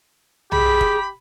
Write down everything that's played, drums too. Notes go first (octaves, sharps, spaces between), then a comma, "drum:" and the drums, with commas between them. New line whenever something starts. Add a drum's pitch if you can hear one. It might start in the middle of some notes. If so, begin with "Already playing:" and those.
G4 G#4 B5, drum: tom B1
drum: kick